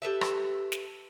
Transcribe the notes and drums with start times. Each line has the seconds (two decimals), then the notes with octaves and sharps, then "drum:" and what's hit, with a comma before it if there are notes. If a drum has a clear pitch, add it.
0.02 G4 A4 B4 E5
0.21 drum: rim click
0.72 drum: snare